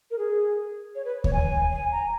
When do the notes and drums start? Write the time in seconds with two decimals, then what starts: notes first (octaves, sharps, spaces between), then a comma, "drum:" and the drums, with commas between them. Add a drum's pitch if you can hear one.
0.11 A#4
0.19 G#4
0.95 C#5
1.05 B4
1.24 C#5, drum: kick D2
1.33 G#5
1.72 G#5
1.92 A#5